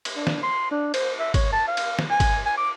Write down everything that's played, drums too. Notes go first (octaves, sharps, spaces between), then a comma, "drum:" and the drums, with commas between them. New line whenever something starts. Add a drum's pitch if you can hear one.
drum: cymbal
D4
drum: snare
C6
D4
C5, drum: cymbal
E5
C#5, drum: kick, cymbal
A5
F5
drum: cymbal
drum: snare
G#5
drum: kick, cymbal
G#5
D6